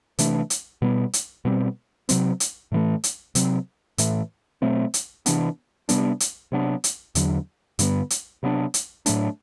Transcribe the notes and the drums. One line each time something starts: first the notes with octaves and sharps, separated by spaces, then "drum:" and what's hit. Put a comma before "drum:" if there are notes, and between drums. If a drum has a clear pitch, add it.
C3 E3 A3 D4, drum: hi-hat
drum: hi-hat
B2 G3 B3
drum: hi-hat
B2 G3 C4
C3 F#3 C4, drum: hi-hat
drum: hi-hat
A2 E3 A3
drum: hi-hat
C3 F#3 C4, drum: hi-hat
A2 E3 A3, drum: hi-hat
B2 F#3 A3 C4
drum: hi-hat
C3 E3 B3 D4, drum: hi-hat
C3 G3 B3 D4, drum: hi-hat
drum: hi-hat
C3 F#3 B3 D4
drum: hi-hat
E2 D3 F#3, drum: hi-hat
G2 D3 G3 B3, drum: hi-hat
drum: hi-hat
C3 F#3 B3 D4
drum: hi-hat
A2 F#3 A3 D4, drum: hi-hat